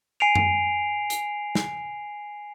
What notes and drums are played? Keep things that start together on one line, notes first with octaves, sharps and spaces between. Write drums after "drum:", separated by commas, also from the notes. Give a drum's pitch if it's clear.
G#5 C7 D7 F7
drum: tom F#2
drum: hi-hat
drum: snare